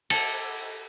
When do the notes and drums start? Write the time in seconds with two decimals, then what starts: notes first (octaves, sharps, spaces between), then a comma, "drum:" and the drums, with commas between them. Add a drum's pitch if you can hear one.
0.10 A4, drum: cymbal